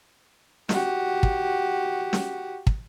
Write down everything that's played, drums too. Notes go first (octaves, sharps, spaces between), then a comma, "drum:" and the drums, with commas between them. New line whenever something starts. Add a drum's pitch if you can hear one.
F#4 G4, drum: snare
drum: kick
drum: snare
drum: kick